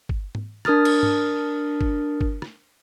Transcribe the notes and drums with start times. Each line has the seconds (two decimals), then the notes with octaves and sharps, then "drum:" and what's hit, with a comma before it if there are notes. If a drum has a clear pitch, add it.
0.09 drum: kick
0.35 drum: tom G#2
0.65 D4 A#4 D#6 F6 A6, drum: rim click
0.85 drum: cymbal
1.03 drum: tom G#2
1.81 drum: kick
2.21 drum: kick
2.42 drum: rim click